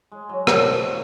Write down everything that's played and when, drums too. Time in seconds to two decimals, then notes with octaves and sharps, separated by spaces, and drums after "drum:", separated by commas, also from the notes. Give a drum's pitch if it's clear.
0.12 G#3
0.29 F#3
0.47 F3, drum: rim click
0.83 D#3